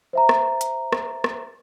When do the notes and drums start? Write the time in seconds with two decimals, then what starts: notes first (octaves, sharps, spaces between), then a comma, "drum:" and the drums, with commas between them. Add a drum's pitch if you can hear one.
0.13 C5 E5 A#5
0.29 drum: rim click
0.61 drum: hi-hat
0.93 drum: rim click
1.24 drum: rim click